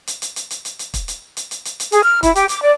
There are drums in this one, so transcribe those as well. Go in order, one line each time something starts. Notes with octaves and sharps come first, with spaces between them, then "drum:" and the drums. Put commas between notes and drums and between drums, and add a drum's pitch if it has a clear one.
drum: hi-hat
drum: hi-hat
drum: hi-hat
drum: hi-hat
drum: hi-hat
drum: hi-hat
drum: kick, hi-hat
drum: hi-hat
drum: hi-hat
drum: hi-hat
drum: hi-hat
drum: hi-hat
G#4, drum: hi-hat
F6
E4, drum: kick, hi-hat
G4, drum: hi-hat
D6, drum: hi-hat
D5